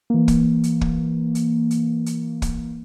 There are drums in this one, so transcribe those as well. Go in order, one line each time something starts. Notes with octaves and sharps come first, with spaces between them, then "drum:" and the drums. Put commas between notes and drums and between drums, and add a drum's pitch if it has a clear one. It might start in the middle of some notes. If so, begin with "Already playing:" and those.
E3 A#3
drum: kick, hi-hat
drum: hi-hat
drum: kick
drum: hi-hat
drum: hi-hat
drum: hi-hat
drum: kick, hi-hat